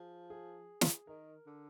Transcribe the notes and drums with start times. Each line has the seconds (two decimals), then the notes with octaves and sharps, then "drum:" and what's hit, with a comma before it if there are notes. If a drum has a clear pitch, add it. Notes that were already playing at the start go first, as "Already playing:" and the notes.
Already playing: F3 G#4
0.30 G#4
0.81 drum: snare
1.07 D#3 A#4
1.46 D3